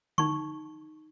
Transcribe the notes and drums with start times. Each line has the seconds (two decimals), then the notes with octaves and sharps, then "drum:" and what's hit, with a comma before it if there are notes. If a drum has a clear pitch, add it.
0.18 D#4 C#6, drum: tom D3